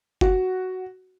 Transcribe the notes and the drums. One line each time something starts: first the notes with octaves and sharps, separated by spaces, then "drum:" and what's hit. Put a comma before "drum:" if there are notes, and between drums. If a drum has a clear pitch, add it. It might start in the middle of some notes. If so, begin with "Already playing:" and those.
F#4, drum: kick F#1